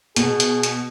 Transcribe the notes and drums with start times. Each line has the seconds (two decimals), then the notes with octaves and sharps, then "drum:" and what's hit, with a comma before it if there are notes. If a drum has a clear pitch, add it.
0.16 B2 G#4, drum: hi-hat
0.40 drum: hi-hat
0.63 drum: hi-hat